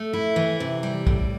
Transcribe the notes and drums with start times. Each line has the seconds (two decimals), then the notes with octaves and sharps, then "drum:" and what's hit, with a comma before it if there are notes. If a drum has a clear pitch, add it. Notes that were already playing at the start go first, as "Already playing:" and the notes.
Already playing: A3
0.13 E4
0.36 E3
0.60 C3
0.83 G3
1.07 A2, drum: kick